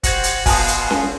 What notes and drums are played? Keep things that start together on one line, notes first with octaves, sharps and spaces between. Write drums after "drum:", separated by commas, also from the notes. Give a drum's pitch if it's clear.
F#4 G4 C5 G#6 A#6, drum: kick, hi-hat
drum: hi-hat
B2 F5 G#5 A5 C6 D#6, drum: kick, open hi-hat
drum: hi-hat
drum: snare C#4